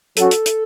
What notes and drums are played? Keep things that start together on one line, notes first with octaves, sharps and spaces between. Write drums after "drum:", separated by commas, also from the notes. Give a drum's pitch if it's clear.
F#3 C#4 F#4 A4, drum: hi-hat
drum: hi-hat
drum: hi-hat